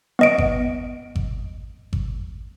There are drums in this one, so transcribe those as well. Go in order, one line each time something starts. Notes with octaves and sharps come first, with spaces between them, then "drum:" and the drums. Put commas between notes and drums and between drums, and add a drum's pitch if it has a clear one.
B3 D#5 D7
drum: kick G#1
drum: kick G#1
drum: kick G#1